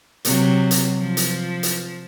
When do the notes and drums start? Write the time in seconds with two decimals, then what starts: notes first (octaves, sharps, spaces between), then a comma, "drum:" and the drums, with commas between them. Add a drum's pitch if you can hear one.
0.25 C3 F#3, drum: hi-hat
0.71 drum: hi-hat
0.98 F3
1.17 drum: hi-hat
1.63 drum: hi-hat